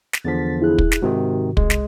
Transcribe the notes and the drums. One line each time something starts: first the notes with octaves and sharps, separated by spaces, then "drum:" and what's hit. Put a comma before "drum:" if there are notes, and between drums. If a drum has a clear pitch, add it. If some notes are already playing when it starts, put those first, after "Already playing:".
drum: snare
E2 D3 F3 A6 B6
E4 G#4 F#6
drum: kick
drum: snare
G#2 C3 D#3 F#4
C2 G#3, drum: kick
drum: snare